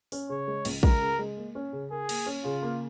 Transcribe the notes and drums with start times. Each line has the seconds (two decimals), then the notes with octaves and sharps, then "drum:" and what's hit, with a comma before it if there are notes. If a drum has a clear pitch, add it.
0.12 C#4, drum: open hi-hat
0.29 C#3 C#5
0.48 G#3
0.65 C#2, drum: cymbal
0.83 C#2 A#4, drum: kick
1.01 C#3
1.19 G#3
1.37 A#3
1.55 C#4
1.73 C#3
1.91 G#4 A#4
2.09 A#3, drum: cymbal
2.26 C#4
2.44 C#3 F4
2.63 A#3